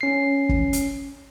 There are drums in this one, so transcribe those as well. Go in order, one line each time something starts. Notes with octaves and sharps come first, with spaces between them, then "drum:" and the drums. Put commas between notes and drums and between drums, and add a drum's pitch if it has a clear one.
C#4 C7
drum: kick
drum: hi-hat